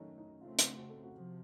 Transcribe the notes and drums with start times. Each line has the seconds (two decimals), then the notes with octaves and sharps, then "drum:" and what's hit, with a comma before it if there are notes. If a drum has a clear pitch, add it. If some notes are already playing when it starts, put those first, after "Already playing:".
Already playing: D#3 F#3 A3 C#4 D#4
0.18 D#4
0.41 C#3 A3 C4 F4
0.59 drum: hi-hat
0.77 F#4
0.90 A4
1.03 F#4
1.12 C3 F3